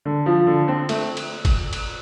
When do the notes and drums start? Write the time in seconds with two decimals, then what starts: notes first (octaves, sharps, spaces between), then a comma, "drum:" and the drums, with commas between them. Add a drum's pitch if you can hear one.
0.05 D3
0.26 F3
0.47 D3
0.68 C4
0.89 A3, drum: cymbal
1.17 drum: cymbal
1.45 drum: kick G1, cymbal
1.73 drum: cymbal